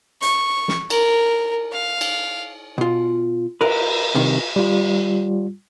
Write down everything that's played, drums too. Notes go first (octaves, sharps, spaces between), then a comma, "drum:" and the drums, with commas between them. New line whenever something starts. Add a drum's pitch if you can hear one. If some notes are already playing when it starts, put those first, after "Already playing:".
C#6, drum: hi-hat
drum: snare
A#4, drum: cymbal
F5
drum: cymbal
B2 F4
A#4 B4, drum: cymbal
C2 C3 D#3
G3 F4